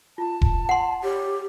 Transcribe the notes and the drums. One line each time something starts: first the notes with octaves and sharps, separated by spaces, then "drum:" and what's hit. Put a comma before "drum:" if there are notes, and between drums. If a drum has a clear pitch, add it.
F4 A5
drum: kick E1
F#5 C6
G4 C#5